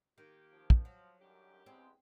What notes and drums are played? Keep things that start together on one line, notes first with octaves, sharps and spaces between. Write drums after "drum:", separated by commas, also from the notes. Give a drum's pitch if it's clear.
D#3 A#3 F4 G4
F3
drum: kick
F#3
F#2 D3 D#3 G3 C#4 G4
E2 G2 G#3 C4